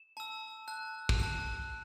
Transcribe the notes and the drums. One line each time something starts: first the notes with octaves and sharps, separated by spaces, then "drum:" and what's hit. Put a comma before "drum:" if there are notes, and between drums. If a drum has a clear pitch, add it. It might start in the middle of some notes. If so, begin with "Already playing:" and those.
Already playing: E7
A5 E6
A5 F#6
drum: kick
A5 F#6